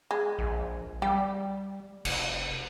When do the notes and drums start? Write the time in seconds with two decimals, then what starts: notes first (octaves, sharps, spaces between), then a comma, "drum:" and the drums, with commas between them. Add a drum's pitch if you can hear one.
0.11 G#3
0.39 A#1
1.02 G3 G4
2.05 F1, drum: cymbal